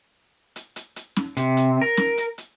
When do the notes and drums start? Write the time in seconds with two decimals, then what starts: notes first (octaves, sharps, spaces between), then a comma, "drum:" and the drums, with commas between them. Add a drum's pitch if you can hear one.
0.56 drum: hi-hat
0.76 drum: hi-hat
0.96 drum: hi-hat
1.16 drum: snare C#4
1.37 C3, drum: hi-hat
1.57 drum: hi-hat
1.81 A#4
1.97 drum: snare C#4
2.18 drum: hi-hat
2.38 drum: hi-hat